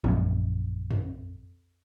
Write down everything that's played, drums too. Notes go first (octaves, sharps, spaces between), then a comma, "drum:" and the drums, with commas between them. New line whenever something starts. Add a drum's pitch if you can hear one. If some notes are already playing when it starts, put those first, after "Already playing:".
A#1 F#2, drum: tom
drum: tom